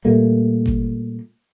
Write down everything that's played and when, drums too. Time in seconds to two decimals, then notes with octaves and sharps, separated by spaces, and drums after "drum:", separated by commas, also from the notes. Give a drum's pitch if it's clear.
0.05 A#2 G3 A3 A#3
0.66 drum: kick G1